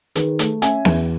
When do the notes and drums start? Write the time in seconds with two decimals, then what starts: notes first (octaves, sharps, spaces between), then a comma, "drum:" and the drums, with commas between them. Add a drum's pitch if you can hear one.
0.15 D#3 G#4 B4, drum: hi-hat
0.39 A3, drum: hi-hat
0.62 C#4 E5 G#5, drum: hi-hat
0.85 E2, drum: snare B3